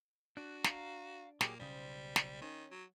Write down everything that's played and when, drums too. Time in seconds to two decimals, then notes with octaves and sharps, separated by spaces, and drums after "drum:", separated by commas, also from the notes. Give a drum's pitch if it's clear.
0.37 D4 F#4 F#6
0.64 F5 A#5, drum: snare
1.41 A#2 F#3 A#3 G4 G#4, drum: snare
1.59 B1 C#3 G3 C5
2.16 drum: snare
2.42 D#3 C#4
2.71 F#3